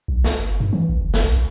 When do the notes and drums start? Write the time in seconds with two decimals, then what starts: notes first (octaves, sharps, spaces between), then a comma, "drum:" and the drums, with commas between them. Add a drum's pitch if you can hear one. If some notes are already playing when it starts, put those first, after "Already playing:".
0.08 B1
0.24 G1, drum: snare
0.60 G2
0.73 E3
0.89 A1
1.01 F#1
1.14 drum: snare
1.24 A#1
1.36 G#1